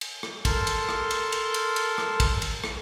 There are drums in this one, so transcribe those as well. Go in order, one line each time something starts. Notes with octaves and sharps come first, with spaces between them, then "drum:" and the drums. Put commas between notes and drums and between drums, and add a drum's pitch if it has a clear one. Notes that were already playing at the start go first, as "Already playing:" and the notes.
drum: cymbal
drum: rim click
A4 A#4 A5 C6, drum: kick, cymbal
drum: cymbal
drum: rim click
drum: cymbal
drum: cymbal
drum: cymbal
drum: cymbal
drum: rim click
drum: kick, cymbal
drum: cymbal
drum: rim click